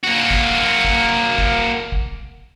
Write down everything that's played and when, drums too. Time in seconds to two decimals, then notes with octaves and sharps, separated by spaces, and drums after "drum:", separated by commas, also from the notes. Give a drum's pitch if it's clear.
0.04 A#3 F#4
0.31 drum: kick
0.85 drum: kick
1.38 drum: kick
1.92 drum: kick